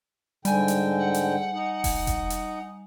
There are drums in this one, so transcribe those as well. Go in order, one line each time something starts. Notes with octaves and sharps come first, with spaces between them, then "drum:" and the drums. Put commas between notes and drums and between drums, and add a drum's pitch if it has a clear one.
G#2 D3 G3 G5 G#5, drum: hi-hat
drum: hi-hat
F#5
drum: hi-hat
D#4
drum: kick E1, open hi-hat
drum: kick E1, hi-hat
drum: hi-hat